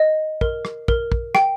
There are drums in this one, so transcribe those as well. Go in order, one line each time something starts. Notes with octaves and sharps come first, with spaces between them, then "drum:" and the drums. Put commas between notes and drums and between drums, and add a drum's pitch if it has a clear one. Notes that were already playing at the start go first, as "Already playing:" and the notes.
Already playing: D#5
A#4, drum: kick
drum: rim click
A#4, drum: kick
drum: kick
G5, drum: rim click